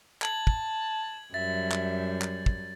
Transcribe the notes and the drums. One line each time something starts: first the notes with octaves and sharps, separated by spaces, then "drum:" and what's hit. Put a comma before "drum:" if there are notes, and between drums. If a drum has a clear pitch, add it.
A5 G#6 F#7, drum: clap
drum: kick
F#2 G3 E5 A6
drum: clap
drum: clap
drum: kick